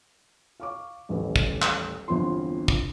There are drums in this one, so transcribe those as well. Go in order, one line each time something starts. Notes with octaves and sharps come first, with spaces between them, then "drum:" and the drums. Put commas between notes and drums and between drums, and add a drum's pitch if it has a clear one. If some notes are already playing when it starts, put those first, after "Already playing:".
F5 C#6 D6
D#1 A1 B4
drum: kick
drum: clap
G1 E2 C4 F4 C6
drum: kick